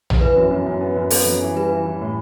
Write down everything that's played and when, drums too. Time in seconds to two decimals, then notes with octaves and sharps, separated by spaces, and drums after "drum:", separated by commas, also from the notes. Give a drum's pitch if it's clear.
0.10 drum: tom A#1
0.21 E3 B4
0.36 F#2
0.51 F#2
0.66 F#2
0.81 B3
0.96 F#2
1.10 B3 A4, drum: open hi-hat
1.26 F#2
1.42 E3
1.56 G3 B4
1.71 E3
1.86 E3
2.01 A2